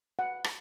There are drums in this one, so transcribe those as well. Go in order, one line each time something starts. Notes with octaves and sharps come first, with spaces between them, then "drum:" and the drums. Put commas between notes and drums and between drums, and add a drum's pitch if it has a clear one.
F#5
drum: rim click